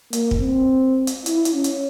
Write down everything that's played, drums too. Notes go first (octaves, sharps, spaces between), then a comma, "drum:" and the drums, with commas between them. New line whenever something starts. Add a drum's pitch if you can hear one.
A#3, drum: hi-hat
drum: kick
C4
drum: hi-hat
E4, drum: hi-hat
drum: hi-hat
C#4
drum: hi-hat